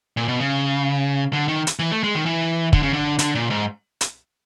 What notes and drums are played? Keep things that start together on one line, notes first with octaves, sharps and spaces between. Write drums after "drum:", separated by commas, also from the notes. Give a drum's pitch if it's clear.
A#2
B2
C#3
D3
D#3
drum: hi-hat
E3
A3
G#3
D#3
E3
D3, drum: kick
C#3
D3
D3, drum: hi-hat
A#2
G#2
drum: hi-hat